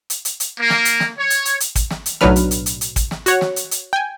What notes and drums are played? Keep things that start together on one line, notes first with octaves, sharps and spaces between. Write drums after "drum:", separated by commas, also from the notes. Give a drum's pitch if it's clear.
drum: hi-hat
drum: hi-hat
drum: hi-hat
A#3
drum: snare
drum: hi-hat
drum: snare
C#5
drum: hi-hat
drum: hi-hat
drum: hi-hat
drum: kick, hi-hat
drum: snare
drum: hi-hat
B1 A2 F#3 D4 B4 F6, drum: snare
drum: hi-hat
drum: hi-hat
drum: hi-hat
drum: hi-hat
drum: kick, hi-hat
drum: snare
F#4 C#5 F#5, drum: hi-hat
drum: snare
drum: hi-hat
drum: hi-hat
G5 G#5